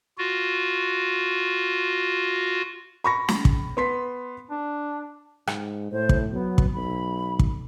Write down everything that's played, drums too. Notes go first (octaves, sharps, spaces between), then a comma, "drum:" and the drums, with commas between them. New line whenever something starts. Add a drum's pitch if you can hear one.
F4 F#4
B5 C#6 A#6
drum: snare
drum: kick
B3 C6 B6
D4
G#2, drum: rim click
A2 C5
drum: kick
F#3 B3
drum: kick
B1 B5
drum: kick